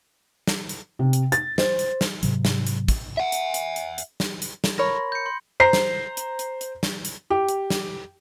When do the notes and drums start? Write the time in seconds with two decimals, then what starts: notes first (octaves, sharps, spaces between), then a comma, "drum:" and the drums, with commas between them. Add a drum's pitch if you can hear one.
0.47 drum: snare
0.69 drum: hi-hat
0.99 C3
1.13 drum: hi-hat
1.32 A6, drum: hi-hat
1.58 C5, drum: snare
1.79 drum: hi-hat
2.01 drum: snare
2.23 G#2 C3 F#3, drum: hi-hat
2.45 drum: snare
2.67 drum: hi-hat
2.88 drum: kick, hi-hat
3.18 E5 F#5
3.32 drum: hi-hat
3.54 drum: hi-hat
3.76 drum: hi-hat
3.98 drum: hi-hat
4.20 drum: snare
4.42 drum: hi-hat
4.64 drum: snare
4.78 A#4 C#5 B5 A#6
4.95 C6
5.12 G6 C#7
5.25 C6 C#7
5.60 C5 A#5 C7
5.73 drum: snare
6.17 drum: hi-hat
6.39 drum: hi-hat
6.61 drum: hi-hat
6.83 drum: snare
7.05 drum: hi-hat
7.30 G4
7.49 drum: hi-hat
7.70 drum: snare